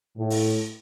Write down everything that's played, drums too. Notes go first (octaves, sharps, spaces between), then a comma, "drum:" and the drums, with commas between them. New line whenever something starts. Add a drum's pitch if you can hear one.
A2
drum: open hi-hat